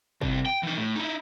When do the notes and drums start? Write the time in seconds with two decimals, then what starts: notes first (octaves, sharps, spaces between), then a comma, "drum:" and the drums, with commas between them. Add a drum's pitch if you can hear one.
0.21 C2 C3, drum: kick
0.46 G5
0.63 E3 D#4
0.77 A2
0.96 D#4 E4